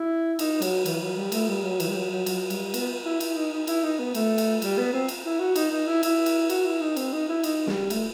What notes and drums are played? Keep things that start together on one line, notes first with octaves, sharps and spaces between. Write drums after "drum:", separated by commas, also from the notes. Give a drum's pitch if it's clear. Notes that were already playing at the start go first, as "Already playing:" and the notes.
Already playing: E4
D#4, drum: cymbal
F#3, drum: cymbal
E3, drum: cymbal
F#3
G3
A3, drum: cymbal
G3
F#3
E3, drum: cymbal
G3
F#3
F#3
F#3, drum: cymbal
G3, drum: cymbal
B3, drum: cymbal
E4
E4, drum: cymbal
D#4
D#4
E4, drum: cymbal
D#4
B3
A3, drum: cymbal
drum: cymbal
G3, drum: cymbal
B3
C4
drum: cymbal
E4
F#4
D#4, drum: cymbal
D#4
E4
E4, drum: cymbal
drum: cymbal
F#4, drum: cymbal
E4
D#4
C4, drum: cymbal
D#4
E4
D#4, drum: cymbal
G3, drum: snare
A3, drum: cymbal